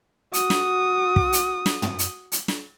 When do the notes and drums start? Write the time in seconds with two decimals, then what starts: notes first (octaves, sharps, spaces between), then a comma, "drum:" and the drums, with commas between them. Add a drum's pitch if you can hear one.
0.34 F#4 D#6, drum: hi-hat
0.50 drum: snare
1.16 drum: kick
1.33 drum: hi-hat
1.66 drum: snare
1.82 drum: tom
1.99 drum: hi-hat
2.32 drum: hi-hat
2.48 drum: snare